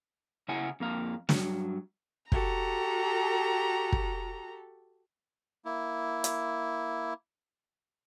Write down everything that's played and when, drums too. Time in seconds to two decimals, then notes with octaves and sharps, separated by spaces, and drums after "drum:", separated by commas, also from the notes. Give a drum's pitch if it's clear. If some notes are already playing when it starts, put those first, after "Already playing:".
0.48 C#3 C#4 E4 F#5 G#5
0.80 F2 A#3 F5
1.29 G2 F#3, drum: snare
2.32 F#4 G4 A4 A#5, drum: kick
3.92 drum: kick
5.65 A#3 E4
6.24 drum: hi-hat